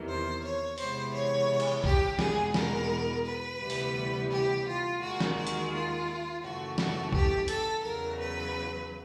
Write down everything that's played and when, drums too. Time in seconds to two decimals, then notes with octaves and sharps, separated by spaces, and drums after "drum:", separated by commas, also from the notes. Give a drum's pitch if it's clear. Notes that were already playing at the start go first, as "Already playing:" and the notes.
Already playing: E2 C3 D#3
0.08 C5
0.43 C#5
0.78 C3 E3 G#3 B3 C5, drum: open hi-hat
1.13 C#5
1.60 drum: cymbal
1.84 G4, drum: kick B1
2.19 E2 B2 G#3 B3 G#4, drum: snare
2.54 A#4, drum: snare
3.26 B4
3.60 D2 C3 E3 G3 B3
3.70 drum: open hi-hat
4.31 G4
4.66 F4
5.01 D#2 D#3 G#3 F#4
5.20 drum: snare
5.36 F#4
5.47 drum: hi-hat
5.72 F4
6.42 F#2 C#3 E3 A3 F#4
6.78 F#4, drum: snare
7.13 G4, drum: kick B1
7.48 A4, drum: hi-hat
7.83 E2 C#3 F#3 A#4
8.19 B4